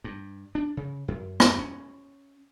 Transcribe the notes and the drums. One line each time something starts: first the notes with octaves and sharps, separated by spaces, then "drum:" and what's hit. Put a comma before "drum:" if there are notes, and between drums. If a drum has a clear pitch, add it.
G2
D4
C#3
F#2
drum: rim click
C#4